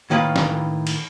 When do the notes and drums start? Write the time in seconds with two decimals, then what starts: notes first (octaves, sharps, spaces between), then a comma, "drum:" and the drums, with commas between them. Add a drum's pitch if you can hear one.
0.10 A2 D#3 A#3 B4 F5 B5
0.36 drum: snare
0.87 drum: cymbal